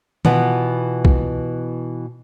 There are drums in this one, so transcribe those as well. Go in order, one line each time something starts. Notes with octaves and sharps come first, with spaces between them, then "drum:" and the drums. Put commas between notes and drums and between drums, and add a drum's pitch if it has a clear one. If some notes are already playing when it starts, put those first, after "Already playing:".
B2 E3 B3 F4, drum: tom D#3
drum: kick